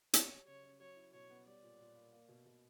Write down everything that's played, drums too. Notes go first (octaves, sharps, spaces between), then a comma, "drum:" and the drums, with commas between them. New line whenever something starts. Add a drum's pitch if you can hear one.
F#3 C#5, drum: hi-hat
G4
C#3 C#5
C#4
F#3 C#5
E4
B2 C#5
B3
G3 D5
A#2
A#2
A#3
A#3
B2
B2